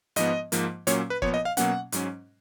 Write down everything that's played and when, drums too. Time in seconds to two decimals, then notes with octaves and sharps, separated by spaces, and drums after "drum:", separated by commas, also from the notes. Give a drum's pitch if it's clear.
0.16 G#2 F3 B3 D#5, drum: hi-hat
0.52 G#2 F3 A#3, drum: hi-hat
0.87 A#2 F#3 A#3 C#4 C#5, drum: hi-hat
1.10 B4
1.22 A#2 F3 B3 C#5, drum: kick
1.34 D#5
1.45 F5
1.57 B2 F#3 A#3 C#4 F#5, drum: hi-hat
1.92 G#2 F#3 C#4, drum: hi-hat